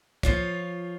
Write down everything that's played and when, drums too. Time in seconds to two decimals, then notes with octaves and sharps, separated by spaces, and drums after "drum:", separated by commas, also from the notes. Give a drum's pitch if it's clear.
0.23 F3 F4 C#5, drum: kick